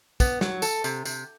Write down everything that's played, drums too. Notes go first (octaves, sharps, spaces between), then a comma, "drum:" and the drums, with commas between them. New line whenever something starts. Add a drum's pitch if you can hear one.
B3, drum: kick, tambourine
F#3, drum: snare
A4, drum: tambourine
C3, drum: tambourine
C3, drum: tambourine